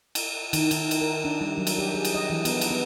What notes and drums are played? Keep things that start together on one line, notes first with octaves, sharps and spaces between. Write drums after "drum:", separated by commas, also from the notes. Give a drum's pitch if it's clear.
drum: cymbal
D#3, drum: cymbal
D#3, drum: cymbal
drum: cymbal
A#4
D4
G3
F#3
drum: cymbal
G4
G#4
drum: cymbal
D#5
E3
B3, drum: cymbal
drum: cymbal
B3